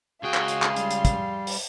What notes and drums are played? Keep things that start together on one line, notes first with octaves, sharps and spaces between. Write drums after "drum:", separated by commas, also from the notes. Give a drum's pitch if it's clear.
C#2 F#4 G#4 F5 G5 C6
drum: clap
drum: hi-hat
drum: clap
G3, drum: hi-hat
drum: hi-hat
drum: kick, hi-hat
drum: open hi-hat